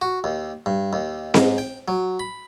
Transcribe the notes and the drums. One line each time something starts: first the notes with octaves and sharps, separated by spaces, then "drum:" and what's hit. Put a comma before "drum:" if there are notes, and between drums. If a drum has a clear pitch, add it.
F#4
D#2
G2
D#2
G#2, drum: snare C4
G5
F#3
B5